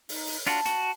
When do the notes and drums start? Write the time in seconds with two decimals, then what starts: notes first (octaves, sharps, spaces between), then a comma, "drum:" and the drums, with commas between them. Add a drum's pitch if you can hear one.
0.09 D#4, drum: open hi-hat
0.27 drum: open hi-hat
0.46 D4 F4 F#4 A5, drum: hi-hat
0.66 F#4, drum: hi-hat